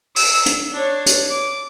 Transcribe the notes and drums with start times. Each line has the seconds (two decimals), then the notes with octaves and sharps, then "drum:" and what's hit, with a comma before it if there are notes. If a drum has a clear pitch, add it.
0.16 E6, drum: open hi-hat
0.46 drum: hi-hat
0.72 D4 C#5
1.06 drum: hi-hat
1.30 D6